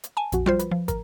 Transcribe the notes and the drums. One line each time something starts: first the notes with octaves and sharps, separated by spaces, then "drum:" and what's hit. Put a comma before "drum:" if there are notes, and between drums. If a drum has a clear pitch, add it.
drum: hi-hat
G#5 A5
A#1 F2 F#4, drum: hi-hat
G3 F4 C5, drum: tom F3
B4, drum: hi-hat
F3
A#4, drum: kick, hi-hat